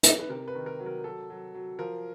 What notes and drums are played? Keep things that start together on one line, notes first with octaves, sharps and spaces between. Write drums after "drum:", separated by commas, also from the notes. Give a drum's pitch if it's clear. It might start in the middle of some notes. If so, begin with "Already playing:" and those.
drum: hi-hat
B4
C3 A#4
B4
D#3
A#4
F#3
A#4
F#3 A4
F#3
F#3
F3 A#4